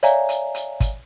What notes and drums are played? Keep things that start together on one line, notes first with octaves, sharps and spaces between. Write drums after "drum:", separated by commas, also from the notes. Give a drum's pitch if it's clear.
C#5 D5 E5 F5 G#5 A#5, drum: hi-hat
drum: hi-hat
drum: hi-hat
drum: kick, hi-hat